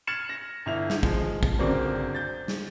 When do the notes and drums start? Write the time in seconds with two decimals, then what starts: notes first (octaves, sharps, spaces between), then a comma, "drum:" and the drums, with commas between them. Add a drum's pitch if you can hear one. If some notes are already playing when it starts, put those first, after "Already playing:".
0.07 F6 G#6 A6 C#7 E7 F#7
0.29 A#6
0.66 G1 E4 F7
0.90 drum: snare
1.03 F3 G#3, drum: kick
1.43 drum: kick
1.59 G1 C#3 C4 F#4 A#4 D5
2.15 G6 A6
2.48 drum: snare